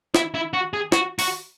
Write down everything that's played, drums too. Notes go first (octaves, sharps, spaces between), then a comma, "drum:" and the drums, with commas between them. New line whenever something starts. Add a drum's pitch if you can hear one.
E4, drum: snare
E4
F#4
G#4
F#4, drum: snare
F#4, drum: open hi-hat